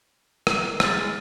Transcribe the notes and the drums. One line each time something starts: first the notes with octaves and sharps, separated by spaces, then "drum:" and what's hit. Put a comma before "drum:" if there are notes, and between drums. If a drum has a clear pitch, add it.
drum: rim click
G#3 F6 A6, drum: rim click